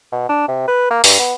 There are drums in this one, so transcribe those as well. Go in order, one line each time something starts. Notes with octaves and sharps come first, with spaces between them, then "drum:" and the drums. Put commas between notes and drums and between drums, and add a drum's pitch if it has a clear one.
B2
D4
C3
B4
A#3
G2, drum: open hi-hat
B3